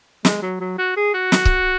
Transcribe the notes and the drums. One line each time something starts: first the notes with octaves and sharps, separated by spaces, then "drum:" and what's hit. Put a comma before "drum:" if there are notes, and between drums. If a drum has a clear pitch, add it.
G#3, drum: snare
F#3
F#3
F#4
G#4
F#4
drum: snare
drum: kick C#1